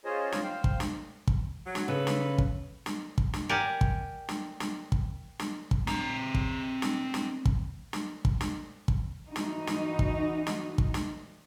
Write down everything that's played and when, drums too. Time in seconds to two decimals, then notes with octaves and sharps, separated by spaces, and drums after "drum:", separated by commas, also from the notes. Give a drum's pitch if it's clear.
0.05 C#4 F4 G#4 C5 C#5 D#5
0.32 drum: snare
0.43 C5 F5 G5
0.64 drum: kick
0.80 drum: snare
1.27 drum: kick
1.66 F#3
1.75 drum: snare
1.88 C#3 A4 B4
2.07 drum: snare
2.38 drum: kick
2.86 drum: snare
3.18 drum: kick
3.33 drum: snare
3.49 G4 A#4 D5 F#5 G#5
3.81 drum: kick
4.29 drum: snare
4.60 drum: snare
4.92 drum: kick
5.39 drum: snare
5.71 drum: kick
5.87 C4 A#5, drum: snare
6.35 drum: kick
6.82 drum: snare
7.14 drum: snare
7.45 drum: kick
7.93 drum: snare
8.25 drum: kick
8.41 drum: snare
8.88 drum: kick
9.27 E3 D#4 F#4
9.36 drum: snare
9.67 drum: snare
9.99 drum: kick
10.47 drum: snare
10.78 drum: kick
10.94 drum: snare